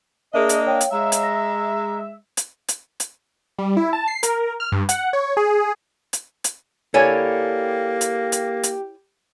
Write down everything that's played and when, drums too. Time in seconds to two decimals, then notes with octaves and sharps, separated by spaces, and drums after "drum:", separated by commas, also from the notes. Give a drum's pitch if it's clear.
0.34 A#3 D4 G#4 A#4 D#5 E5
0.49 drum: hi-hat
0.67 C#5 F5 G5
0.81 drum: hi-hat
0.92 G#3 E5 A#5
1.12 drum: hi-hat
1.23 A#6
2.37 drum: hi-hat
2.68 drum: hi-hat
3.00 drum: hi-hat
3.58 G3
3.77 E4
3.93 A5
4.08 C7
4.23 A#4, drum: hi-hat
4.60 F6
4.72 G2
4.89 F#5, drum: hi-hat
5.13 C#5
5.37 G#4
6.13 drum: hi-hat
6.44 drum: hi-hat
6.94 A#3 E4 G4 A4 C#5 D5 G#5
8.01 drum: hi-hat
8.32 drum: hi-hat
8.63 drum: hi-hat